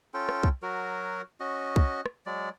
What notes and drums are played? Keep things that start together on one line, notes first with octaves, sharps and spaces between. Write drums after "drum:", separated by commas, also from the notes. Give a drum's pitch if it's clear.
C#4 F4 A4 G5
drum: rim click
drum: kick
F#3 F#4 A#4
C#4 F#4 D#5
drum: kick
drum: rim click
F#3 G#3 D5